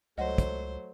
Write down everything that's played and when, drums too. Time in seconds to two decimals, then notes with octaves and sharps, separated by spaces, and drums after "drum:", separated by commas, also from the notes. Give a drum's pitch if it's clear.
0.18 C#2 F#3 A3 C5 D#5 F#5
0.38 drum: kick, hi-hat